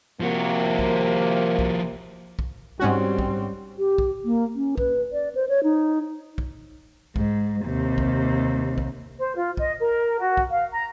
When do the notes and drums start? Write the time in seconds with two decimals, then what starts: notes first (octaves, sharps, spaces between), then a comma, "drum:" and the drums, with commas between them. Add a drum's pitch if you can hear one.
0.20 C3 F3 A#3 F#4
0.79 drum: kick
1.59 drum: kick
2.39 drum: kick
2.80 G#2 G3 C4 C#4 F#4
3.19 drum: kick
3.78 G4
3.98 drum: kick
4.25 A#3
4.55 C#4
4.78 B4, drum: kick
5.12 D5
5.35 C5
5.49 C#5
5.63 D#4
6.38 drum: kick
7.16 G#2, drum: kick
7.65 D#2 C3
7.98 drum: kick
8.78 drum: kick
9.18 C5
9.35 F4
9.57 D#5, drum: kick
9.79 A#4
10.19 F#4
10.37 drum: kick
10.51 F5
10.72 A#5